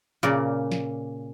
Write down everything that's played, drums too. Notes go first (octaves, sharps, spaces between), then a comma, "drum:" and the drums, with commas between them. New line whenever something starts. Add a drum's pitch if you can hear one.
A#2 C#3 A#4 D5, drum: snare
drum: snare